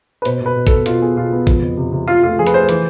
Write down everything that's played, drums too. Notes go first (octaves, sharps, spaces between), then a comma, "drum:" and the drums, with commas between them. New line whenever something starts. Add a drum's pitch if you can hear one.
B4
B2 C5, drum: hi-hat
B2 B4
B2
B3 A4, drum: kick A1, hi-hat
B2 F4, drum: hi-hat
B3 G#4
B2 F4
B3
F3, drum: kick A1, hi-hat
F2
C3
C3
F3 F4
A3 F4
F3 G#4
B4, drum: hi-hat
A3 C5
E3, drum: hi-hat